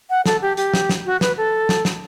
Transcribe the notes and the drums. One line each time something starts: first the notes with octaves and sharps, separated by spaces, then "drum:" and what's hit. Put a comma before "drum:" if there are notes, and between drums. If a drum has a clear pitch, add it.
F#5
A4, drum: snare
G4
G4, drum: hi-hat
drum: snare
drum: snare
F#4
B4, drum: snare
A4
drum: snare
drum: snare